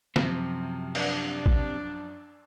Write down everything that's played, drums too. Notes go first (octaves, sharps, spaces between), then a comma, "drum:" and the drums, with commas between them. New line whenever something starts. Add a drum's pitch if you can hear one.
F#2 C3 F3, drum: snare
D4, drum: cymbal
drum: kick A1